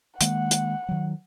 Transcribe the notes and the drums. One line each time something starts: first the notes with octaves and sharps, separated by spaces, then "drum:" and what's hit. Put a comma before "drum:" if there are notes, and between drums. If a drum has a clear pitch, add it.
D#3 G#3 A#3 F#5, drum: hi-hat
drum: hi-hat
D#3 F#3